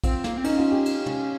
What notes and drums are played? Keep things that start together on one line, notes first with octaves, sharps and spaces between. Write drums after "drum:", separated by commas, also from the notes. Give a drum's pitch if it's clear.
C4 F4, drum: kick A1, cymbal
A#3, drum: snare
C4
C#4 D#4, drum: cymbal
F4
G4
drum: cymbal
drum: tom